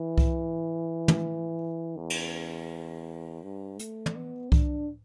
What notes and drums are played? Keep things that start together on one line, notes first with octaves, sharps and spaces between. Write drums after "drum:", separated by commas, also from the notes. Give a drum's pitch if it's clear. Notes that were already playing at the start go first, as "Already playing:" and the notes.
Already playing: E3
drum: kick C2
drum: tom
E2
drum: cymbal
G2
A3, drum: hi-hat
drum: tom
B3
D4, drum: kick C2